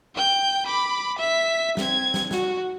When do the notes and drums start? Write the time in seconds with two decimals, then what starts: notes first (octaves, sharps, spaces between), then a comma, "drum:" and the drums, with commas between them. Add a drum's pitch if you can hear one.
0.14 G5 G6
0.66 B5 D6
1.18 E5 B6
1.77 C4 G#6, drum: snare
2.14 drum: snare
2.31 F#4, drum: snare